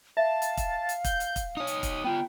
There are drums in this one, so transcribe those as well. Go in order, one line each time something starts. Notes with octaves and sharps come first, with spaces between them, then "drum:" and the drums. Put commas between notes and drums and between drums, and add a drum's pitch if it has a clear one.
E5 F5 A5
drum: hi-hat
drum: kick, hi-hat
drum: hi-hat
G6, drum: kick, hi-hat
drum: hi-hat
drum: kick, hi-hat
D#4 C#5 D#6
drum: hi-hat
drum: kick, hi-hat
B3 F4 G5